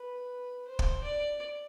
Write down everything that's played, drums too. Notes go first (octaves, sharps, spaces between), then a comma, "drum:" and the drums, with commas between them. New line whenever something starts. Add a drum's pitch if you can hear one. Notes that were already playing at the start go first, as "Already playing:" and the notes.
Already playing: B4
C5
drum: kick
D5